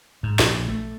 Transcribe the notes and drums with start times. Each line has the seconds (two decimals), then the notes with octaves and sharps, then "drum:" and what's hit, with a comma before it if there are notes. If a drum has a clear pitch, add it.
0.23 G#2
0.39 A#1, drum: snare
0.68 A3